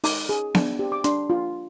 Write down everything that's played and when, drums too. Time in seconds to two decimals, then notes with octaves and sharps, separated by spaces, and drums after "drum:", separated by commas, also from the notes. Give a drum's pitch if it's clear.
0.04 D#4 D6, drum: open hi-hat
0.29 G#4
0.55 D4, drum: snare B3
0.79 G4
0.92 D6
1.04 D4 C6, drum: hi-hat
1.30 F4